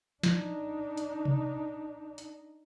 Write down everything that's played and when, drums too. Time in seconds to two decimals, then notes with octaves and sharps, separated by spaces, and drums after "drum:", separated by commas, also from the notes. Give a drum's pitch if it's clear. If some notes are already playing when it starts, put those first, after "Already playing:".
0.23 D4 D#4, drum: snare
0.97 drum: hi-hat
1.25 drum: tom C3
2.18 drum: hi-hat